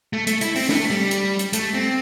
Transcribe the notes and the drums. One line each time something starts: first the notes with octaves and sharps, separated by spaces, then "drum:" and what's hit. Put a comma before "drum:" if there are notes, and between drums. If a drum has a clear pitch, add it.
A3
A3, drum: hi-hat
E4, drum: hi-hat
C4, drum: open hi-hat
A3, drum: snare
G3
drum: hi-hat
drum: hi-hat
A3, drum: hi-hat
C4